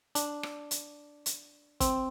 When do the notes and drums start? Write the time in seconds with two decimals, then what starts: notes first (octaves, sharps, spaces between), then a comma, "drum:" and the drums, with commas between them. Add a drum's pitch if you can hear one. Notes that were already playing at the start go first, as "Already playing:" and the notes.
0.15 D4, drum: hi-hat
0.43 drum: rim click
0.71 drum: hi-hat
1.26 drum: hi-hat
1.81 C4, drum: kick, hi-hat